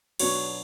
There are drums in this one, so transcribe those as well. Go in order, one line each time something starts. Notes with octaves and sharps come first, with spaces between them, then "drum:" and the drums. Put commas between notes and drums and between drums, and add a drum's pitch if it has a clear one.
B2 F#3 B3 D4 F#4 C#5, drum: cymbal